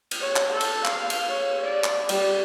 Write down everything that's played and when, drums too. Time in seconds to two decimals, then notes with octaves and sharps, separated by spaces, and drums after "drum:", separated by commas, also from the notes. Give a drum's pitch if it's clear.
0.11 drum: cymbal
0.21 C#5
0.36 drum: clap
0.51 A4
0.61 drum: cymbal
0.85 F5, drum: clap
1.10 drum: cymbal
1.30 C#5
1.64 D5
1.84 drum: clap
2.09 G3, drum: cymbal